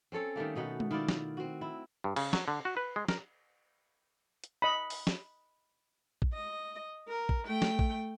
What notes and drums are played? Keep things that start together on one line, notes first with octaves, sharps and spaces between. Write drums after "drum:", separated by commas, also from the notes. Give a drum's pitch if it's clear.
C4 C#4 A4 C#5
D#3 G3 A3 A#3
B2 B3 D#4 F#5
drum: tom G#3
D#3 E4 F4 D5
drum: snare
C4 F#4
E4
G2
C#3, drum: cymbal
F#3, drum: snare
D3
F#4
B4
G#3
A#4, drum: snare
drum: hi-hat
D#5 B5
drum: open hi-hat
drum: snare
drum: kick
D#5
A#4
drum: kick
A3 G5
drum: snare
drum: kick